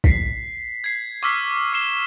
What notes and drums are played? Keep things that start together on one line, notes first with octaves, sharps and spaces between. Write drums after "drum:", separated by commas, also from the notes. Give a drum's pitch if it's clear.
B6 C7, drum: kick
G#6 C7
C#6 D6 E6 F6 B6 C7, drum: open hi-hat
D6 C7 E7 G7